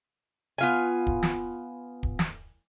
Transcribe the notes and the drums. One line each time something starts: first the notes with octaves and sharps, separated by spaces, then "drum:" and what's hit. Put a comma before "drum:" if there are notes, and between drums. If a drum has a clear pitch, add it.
B3 F4 G#5
drum: kick
drum: snare
drum: kick
drum: snare